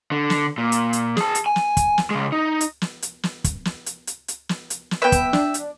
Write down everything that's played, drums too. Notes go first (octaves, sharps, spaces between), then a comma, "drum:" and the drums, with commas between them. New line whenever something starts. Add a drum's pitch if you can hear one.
D3
drum: snare
A#2
drum: hi-hat
drum: hi-hat
G#4 A5, drum: snare
drum: hi-hat
G#5
drum: snare
drum: kick, hi-hat
drum: snare
C#3 G#3
D#4
drum: hi-hat
drum: snare
drum: hi-hat
drum: snare
drum: kick, hi-hat
drum: snare
drum: hi-hat
drum: hi-hat
drum: hi-hat
drum: snare
drum: hi-hat
drum: snare
B3 B4 E5 G5
drum: kick, hi-hat
D4, drum: snare
drum: hi-hat